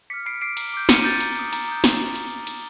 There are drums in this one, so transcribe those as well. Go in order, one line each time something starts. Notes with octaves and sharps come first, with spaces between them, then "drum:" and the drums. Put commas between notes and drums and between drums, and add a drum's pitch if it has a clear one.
D6 F6 B6 C#7
B5 C7 D7
D6 F6 C7 D7
A#5, drum: cymbal
D6 G6
A#5 C#7 D#7, drum: snare
D6 G6 A6
A#5, drum: cymbal
D#6 G6
A#5, drum: cymbal
D#6 G6
drum: snare
drum: cymbal
drum: cymbal